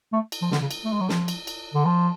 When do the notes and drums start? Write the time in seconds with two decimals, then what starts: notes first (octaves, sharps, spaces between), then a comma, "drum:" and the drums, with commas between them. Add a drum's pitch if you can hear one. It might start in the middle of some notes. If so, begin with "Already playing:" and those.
0.13 A3
0.32 drum: cymbal
0.42 F3
0.52 D3, drum: snare
0.61 C#3
0.71 drum: cymbal
0.85 A3
0.93 G#3
1.01 F#3
1.09 F3, drum: snare
1.28 drum: cymbal
1.47 drum: cymbal
1.74 D3
1.85 F3